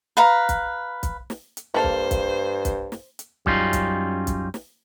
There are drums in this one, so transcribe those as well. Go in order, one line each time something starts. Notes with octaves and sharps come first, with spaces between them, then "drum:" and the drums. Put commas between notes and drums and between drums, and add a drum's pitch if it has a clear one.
B4 F5 A#5
drum: kick B1, hi-hat
drum: kick B1, hi-hat
drum: snare
drum: hi-hat
G2 A#3 A4 C5 F5
drum: kick B1
drum: kick B1, hi-hat
drum: kick B1, hi-hat
drum: snare
drum: hi-hat
F#2 G3 C#4 D#4 F4, drum: kick B1
drum: kick B1, hi-hat
drum: kick B1, hi-hat
drum: snare